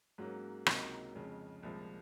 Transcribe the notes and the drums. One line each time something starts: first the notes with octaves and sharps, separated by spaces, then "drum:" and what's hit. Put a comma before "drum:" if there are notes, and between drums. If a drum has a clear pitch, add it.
G#2 F#3 A#3 C#4
C#2 C3 F#3 A#3 D#4, drum: rim click
F2 C#3 G#3 C#4
C2 A#2 F3 G#3